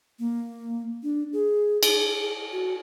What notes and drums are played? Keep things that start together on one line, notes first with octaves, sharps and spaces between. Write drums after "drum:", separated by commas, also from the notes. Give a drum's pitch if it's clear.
A#3
D4
G#4
G#4, drum: cymbal
F#4